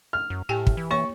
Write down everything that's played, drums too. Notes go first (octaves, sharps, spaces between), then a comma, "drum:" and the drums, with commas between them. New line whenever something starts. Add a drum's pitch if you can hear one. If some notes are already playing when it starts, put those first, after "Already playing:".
F6
F#2
A2 G4 G5 G#5
drum: kick
E3
A#3 C#5 C#6